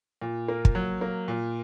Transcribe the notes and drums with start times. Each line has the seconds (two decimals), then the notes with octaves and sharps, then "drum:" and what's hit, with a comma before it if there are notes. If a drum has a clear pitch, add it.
0.22 A#2
0.48 A#3
0.65 drum: kick
0.75 F#3
1.01 A#3
1.28 A#2